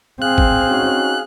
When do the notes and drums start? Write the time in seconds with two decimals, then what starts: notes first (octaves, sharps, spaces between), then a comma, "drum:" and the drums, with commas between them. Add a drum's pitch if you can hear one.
0.22 C4 G#4 F5 F#6
0.38 drum: kick
0.68 C#4 D#4 F#4